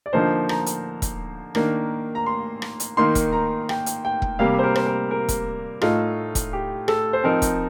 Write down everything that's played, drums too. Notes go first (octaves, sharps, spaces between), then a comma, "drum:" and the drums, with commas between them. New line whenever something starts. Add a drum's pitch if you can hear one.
D5
D3 F3 A#3 D#4 C5
A#5, drum: rim click
drum: hi-hat
drum: kick E1, hi-hat
D#3 A#3 D4, drum: rim click
A#5
C6
drum: rim click
drum: hi-hat
D#3 A#3 D#4 C6
drum: kick E1, hi-hat
A#5
G5, drum: rim click
drum: hi-hat
G5
drum: kick E1
C3 G3 A#3 F5
C5
A#4
C5, drum: rim click
A#4
A#4
drum: kick E1, hi-hat
A2 A3 D#4 F4, drum: rim click
drum: kick E1, hi-hat
G4
A4, drum: rim click
C5
F3 C4 D#4 A#4
drum: kick E1, hi-hat